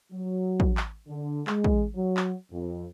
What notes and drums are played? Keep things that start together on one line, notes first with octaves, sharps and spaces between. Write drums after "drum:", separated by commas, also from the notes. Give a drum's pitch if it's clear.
F#3
drum: kick
drum: clap
D3
G#3, drum: clap
drum: kick
F#3
drum: clap
F2